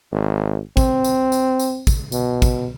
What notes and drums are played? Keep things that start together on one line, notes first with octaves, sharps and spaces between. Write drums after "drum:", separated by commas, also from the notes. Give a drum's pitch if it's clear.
G#1
C4, drum: kick, tambourine
drum: tambourine
drum: tambourine
drum: tambourine
drum: kick, tambourine
B2, drum: tambourine
drum: kick, tambourine